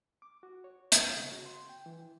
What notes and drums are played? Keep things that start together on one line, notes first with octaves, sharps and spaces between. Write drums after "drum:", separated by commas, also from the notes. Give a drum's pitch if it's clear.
D6
F#4
C#5
drum: hi-hat
C#3
F#4
C6
G5
E3